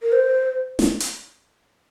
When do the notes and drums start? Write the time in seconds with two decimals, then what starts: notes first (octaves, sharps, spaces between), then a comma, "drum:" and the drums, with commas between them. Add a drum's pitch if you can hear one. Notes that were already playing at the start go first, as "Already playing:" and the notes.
0.02 A#4
0.12 C5
0.79 drum: snare
1.00 drum: hi-hat